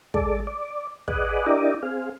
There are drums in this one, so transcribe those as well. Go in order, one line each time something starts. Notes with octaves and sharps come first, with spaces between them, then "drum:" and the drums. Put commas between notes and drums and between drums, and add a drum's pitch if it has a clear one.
G#3 A4 D5, drum: kick
D5
G#4 B4 D5 D#5 F#5, drum: kick
D4 E4 G4 A#4 D5 D#5
C4 G#4 F5